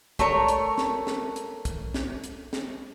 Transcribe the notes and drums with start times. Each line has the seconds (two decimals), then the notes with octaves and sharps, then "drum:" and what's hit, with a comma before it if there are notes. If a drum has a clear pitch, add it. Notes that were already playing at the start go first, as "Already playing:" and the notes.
0.19 A3 A#4 C#5, drum: kick, hi-hat
0.48 drum: hi-hat
0.78 drum: snare
1.07 drum: snare
1.36 drum: hi-hat
1.65 drum: kick, hi-hat
1.94 drum: snare
2.24 drum: hi-hat
2.53 drum: snare